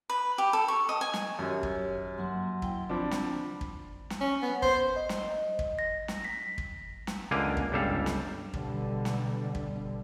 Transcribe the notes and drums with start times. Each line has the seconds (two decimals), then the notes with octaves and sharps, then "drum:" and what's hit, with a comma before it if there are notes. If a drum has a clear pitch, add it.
0.10 B4
0.38 G4
0.53 A4
0.68 C#6
0.89 D#5
1.01 G#5
1.13 drum: snare
1.39 F#2 D#3 G4 C#5
1.63 drum: kick
2.18 G2 F#3 A#3 F#5 C6
2.62 E4 G5, drum: kick
2.89 D3 F3 C4 D4 B5
3.11 drum: snare
3.61 drum: kick
4.10 drum: snare
4.21 C#4
4.42 B3
4.62 C5, drum: kick
4.96 D#5
5.09 drum: snare
5.59 drum: kick
5.79 A#6
6.08 drum: snare
6.25 B6
6.58 drum: kick
7.07 drum: snare
7.31 C#2 D3 A#3 F5 G#5
7.57 drum: kick
7.72 G1 C#2 G3 A4 F5
8.06 drum: snare
8.53 B2 D3 G3, drum: kick
9.05 drum: snare
9.55 drum: kick